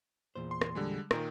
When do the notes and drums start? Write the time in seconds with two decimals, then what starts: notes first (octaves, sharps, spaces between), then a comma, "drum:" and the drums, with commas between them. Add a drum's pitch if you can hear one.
0.35 E2 A#2 C5
0.51 C6
0.61 drum: rim click
0.75 D3 G3 G#3
1.11 A#2 D#3 A#4, drum: rim click